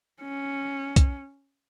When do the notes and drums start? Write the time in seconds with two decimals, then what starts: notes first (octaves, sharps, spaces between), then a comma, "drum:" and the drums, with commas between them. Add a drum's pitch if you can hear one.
0.22 C#4
0.96 drum: kick, hi-hat